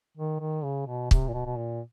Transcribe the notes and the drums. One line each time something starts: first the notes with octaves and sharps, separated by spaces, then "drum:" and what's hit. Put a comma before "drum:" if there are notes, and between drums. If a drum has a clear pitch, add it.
D#3
D#3
C#3
B2
C3, drum: kick
A#2
B2
B2
A#2